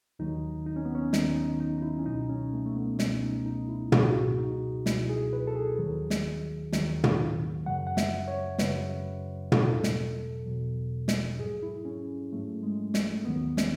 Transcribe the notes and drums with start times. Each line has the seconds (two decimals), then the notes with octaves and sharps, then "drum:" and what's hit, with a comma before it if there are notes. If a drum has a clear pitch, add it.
0.19 D#2 D#3 F#3 D#4
0.66 D#4
0.76 C#4
0.85 B3
0.95 C#4
1.13 D#2 D#3 F#3 D#4, drum: snare
1.36 D#4
1.60 D#4
1.78 D#4
1.82 E4
1.98 C#4
2.06 C#2 B2 F#3 D#4
2.30 C#4
2.53 A3
2.66 A3
2.76 B3
2.99 C#2 B2 F#3 C#4, drum: snare
3.22 D#4
3.46 D#4
3.69 E4
3.92 C#2 B2 F#3 F#4, drum: tom
4.00 G#4
4.07 F#4
4.39 D#4
4.86 C#2 B2 F#3 E4, drum: snare
5.09 G#4
5.33 B4
5.47 A4
5.55 G#4
5.79 D#2 D#3 F#3
6.10 drum: snare
6.72 D#2 D#3 F#3, drum: snare
7.04 drum: tom
7.66 F#2 C#3 F#3 F#5
7.87 F#5
7.97 E5, drum: snare
8.28 C#5
8.58 F#2 C#3 F#3 B4, drum: snare
9.52 E2 B2 F#3 A4, drum: tom
9.83 drum: snare
10.46 E2 B2 F#3
11.08 drum: snare
11.39 G#2 F#3 G#4
11.63 E4
11.85 C#4
12.32 G#2 F#3 A3
12.63 G#3
12.94 A3, drum: snare
13.25 D#2 D#3 F#3 B3
13.57 C#4, drum: snare